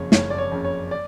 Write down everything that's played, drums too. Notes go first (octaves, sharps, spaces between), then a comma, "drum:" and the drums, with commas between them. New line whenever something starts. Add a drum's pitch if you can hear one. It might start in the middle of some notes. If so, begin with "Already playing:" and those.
Already playing: F#1 F2 C#3 C#5
F#1 C#5, drum: snare
D5
C#5
F2 C#3
C#5
D5